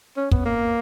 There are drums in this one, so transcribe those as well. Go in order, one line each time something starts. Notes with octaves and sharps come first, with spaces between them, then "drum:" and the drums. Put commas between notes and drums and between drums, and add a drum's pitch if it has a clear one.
C#4
B3, drum: kick
A#3